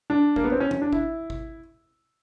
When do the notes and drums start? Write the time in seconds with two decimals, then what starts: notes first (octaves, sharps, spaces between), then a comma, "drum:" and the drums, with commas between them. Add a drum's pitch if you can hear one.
0.10 D4
0.36 A#3, drum: kick G#1
0.44 B3
0.52 C4
0.60 C#4
0.71 C#4, drum: tom E3
0.82 D4
0.93 E4, drum: kick G#1
1.30 drum: kick G#1